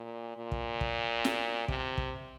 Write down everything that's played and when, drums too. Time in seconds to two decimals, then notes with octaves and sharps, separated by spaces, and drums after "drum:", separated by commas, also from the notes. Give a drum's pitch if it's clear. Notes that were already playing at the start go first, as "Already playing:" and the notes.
Already playing: A#2
0.37 A#2
0.52 drum: kick
0.81 drum: kick
1.25 drum: snare
1.68 C3, drum: kick
1.98 drum: kick